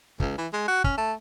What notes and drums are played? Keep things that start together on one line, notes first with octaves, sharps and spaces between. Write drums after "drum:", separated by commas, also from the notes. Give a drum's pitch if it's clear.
C#2, drum: kick
E3
G#3
F#4
C#4, drum: kick
A3